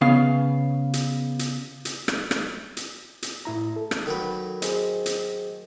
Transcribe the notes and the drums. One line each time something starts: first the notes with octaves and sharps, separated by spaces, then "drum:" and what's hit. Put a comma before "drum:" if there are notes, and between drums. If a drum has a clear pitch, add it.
C#3 B3 F5
drum: hi-hat
drum: hi-hat
drum: hi-hat
drum: rim click
drum: rim click
drum: hi-hat
drum: hi-hat
A2 E4 A#5
A4
drum: rim click
D#3 F#3 B4
G#4 C5 D#5, drum: hi-hat
drum: hi-hat